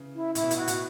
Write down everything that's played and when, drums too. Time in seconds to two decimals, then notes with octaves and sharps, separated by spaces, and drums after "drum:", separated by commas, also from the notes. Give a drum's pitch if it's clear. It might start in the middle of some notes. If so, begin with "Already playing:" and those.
Already playing: C#3 E3
0.15 E4
0.35 A2 E4, drum: hi-hat
0.42 B2
0.51 A2, drum: hi-hat
0.57 F#4
0.68 A2, drum: hi-hat